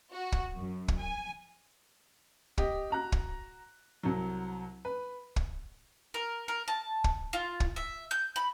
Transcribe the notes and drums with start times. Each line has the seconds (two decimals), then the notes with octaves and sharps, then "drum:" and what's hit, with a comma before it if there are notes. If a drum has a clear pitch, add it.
0.12 F#4
0.32 drum: kick
0.56 F#2
0.88 drum: kick
0.99 G#5
2.58 G4 D#5, drum: kick
2.90 F#4 A#5 F#6
3.12 drum: kick
4.03 C2 F#3
4.85 B4
5.36 drum: kick
6.14 A#4
6.48 A#4
6.68 A5
7.04 drum: kick
7.33 F4
7.60 drum: kick
7.76 E5
8.11 G6
8.36 B5